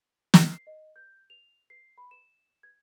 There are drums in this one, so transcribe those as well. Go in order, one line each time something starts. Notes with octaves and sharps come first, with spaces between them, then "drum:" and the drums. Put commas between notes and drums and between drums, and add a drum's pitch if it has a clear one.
drum: snare
C7
D#5
G6
F7
C7
B5
E7
G#6